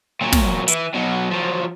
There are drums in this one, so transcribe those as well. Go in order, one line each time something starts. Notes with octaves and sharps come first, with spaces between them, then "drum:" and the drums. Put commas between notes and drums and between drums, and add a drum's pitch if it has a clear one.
A#2 F#3
drum: snare
E3, drum: hi-hat
B2 F#3
F3 F#3